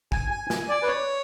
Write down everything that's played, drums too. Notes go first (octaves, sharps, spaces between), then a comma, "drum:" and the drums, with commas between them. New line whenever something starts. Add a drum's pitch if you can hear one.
G#5, drum: kick
G#5
G#5, drum: snare
D5
B4
C#5